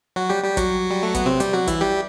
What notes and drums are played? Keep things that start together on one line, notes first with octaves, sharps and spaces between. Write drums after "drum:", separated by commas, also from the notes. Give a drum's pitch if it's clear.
F#3 F#4
G3 G4
G3 G4
F#3 F#4, drum: kick, hi-hat
G3
A3
B3, drum: kick, hi-hat
C3 C4
G3 G4, drum: hi-hat
F#3 F#4
E3 E4, drum: kick, hi-hat
G3 G4